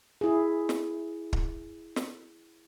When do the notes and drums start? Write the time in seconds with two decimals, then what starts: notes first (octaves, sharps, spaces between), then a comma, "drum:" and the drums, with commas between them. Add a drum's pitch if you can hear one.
0.21 E4 G#4
0.69 drum: snare
1.33 drum: kick
1.96 drum: snare